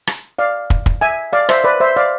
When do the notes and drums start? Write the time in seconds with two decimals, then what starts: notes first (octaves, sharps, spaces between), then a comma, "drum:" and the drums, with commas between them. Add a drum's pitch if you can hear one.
0.07 drum: rim click
0.39 D5 F5
0.70 drum: kick
0.86 drum: kick
1.01 E5 G#5
1.33 D5 F5
1.49 C5 E5, drum: rim click
1.64 B4 D5
1.80 C5 E5
1.96 D5 F5